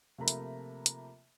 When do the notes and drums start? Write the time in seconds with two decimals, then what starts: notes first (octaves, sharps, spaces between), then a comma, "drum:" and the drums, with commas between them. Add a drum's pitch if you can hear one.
0.18 C3 F3 A3 A#3 A#5 B5
0.28 drum: hi-hat
0.86 drum: hi-hat